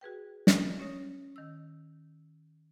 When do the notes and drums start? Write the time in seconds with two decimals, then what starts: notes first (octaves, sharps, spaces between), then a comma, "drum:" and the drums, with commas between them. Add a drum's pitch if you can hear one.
0.01 F#4 G#4 B4 G5
0.47 drum: snare
0.79 C#4 C#5 D#6 A#6
1.36 D#3 E6